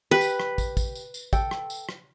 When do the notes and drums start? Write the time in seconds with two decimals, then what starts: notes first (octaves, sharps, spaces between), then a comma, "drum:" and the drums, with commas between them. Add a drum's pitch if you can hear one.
0.11 G4 B4
0.21 drum: tambourine
0.40 drum: rim click
0.58 drum: kick, tambourine
0.77 drum: kick, tambourine
0.95 drum: tambourine
1.14 drum: tambourine
1.33 A4 G5, drum: kick, tambourine
1.51 drum: rim click
1.70 drum: tambourine
1.89 drum: rim click